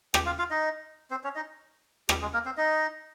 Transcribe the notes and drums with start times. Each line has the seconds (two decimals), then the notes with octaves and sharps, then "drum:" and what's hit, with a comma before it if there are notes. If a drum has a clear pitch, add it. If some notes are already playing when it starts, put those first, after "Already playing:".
0.14 G4 G5, drum: rim click
0.26 F4 F5
0.39 F4 F5
0.50 D#4 D#5
1.11 C4 C5
1.24 C#4 C#5
1.35 D#4 D#5
2.09 G3 G4, drum: rim click
2.22 G#3 G#4
2.34 A#3 A#4
2.45 C4 C5
2.57 D#4 D#5